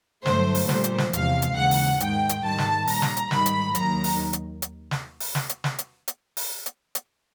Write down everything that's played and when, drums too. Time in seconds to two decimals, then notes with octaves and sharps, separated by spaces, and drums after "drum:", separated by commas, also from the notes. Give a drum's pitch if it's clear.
0.26 G2 D3 F#3 A3 C5, drum: snare
0.55 drum: open hi-hat
0.69 A#2 G3 C5, drum: snare
0.84 drum: hi-hat
0.98 drum: snare
1.13 E2 C3 F3 G#3 F5, drum: hi-hat
1.42 drum: hi-hat
1.56 D#2 C#3 E3 G#3 F#5
1.71 drum: open hi-hat
2.00 G#2 D#3 G#3 G5, drum: hi-hat
2.29 drum: hi-hat
2.43 G#2 D#3 G3 A5
2.58 drum: snare
2.87 A#2 G3 A#5, drum: open hi-hat
3.02 drum: snare
3.17 drum: hi-hat
3.31 G#2 D#3 G3 B5, drum: snare
3.46 drum: hi-hat
3.75 D#2 D#3 F#3 A#5, drum: hi-hat
4.04 drum: open hi-hat
4.33 drum: hi-hat
4.62 drum: hi-hat
4.91 drum: snare
5.20 drum: open hi-hat
5.35 drum: snare
5.49 drum: hi-hat
5.64 drum: snare
5.78 drum: hi-hat
6.08 drum: hi-hat
6.37 drum: open hi-hat
6.66 drum: hi-hat
6.95 drum: hi-hat